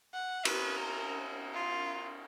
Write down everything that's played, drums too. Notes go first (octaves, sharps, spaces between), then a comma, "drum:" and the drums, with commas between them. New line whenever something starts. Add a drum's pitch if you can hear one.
F#5
B4, drum: cymbal
A#4
F4